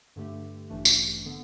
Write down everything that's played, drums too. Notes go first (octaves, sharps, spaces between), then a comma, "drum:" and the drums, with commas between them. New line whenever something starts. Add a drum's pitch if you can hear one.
G2 D3 A3 G4
A1 G2 E3 A3 D4
drum: tambourine
D3 B3